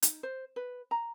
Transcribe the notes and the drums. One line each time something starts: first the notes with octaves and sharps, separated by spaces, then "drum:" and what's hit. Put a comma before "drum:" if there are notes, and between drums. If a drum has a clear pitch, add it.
D#4, drum: hi-hat
C5
B4
A#5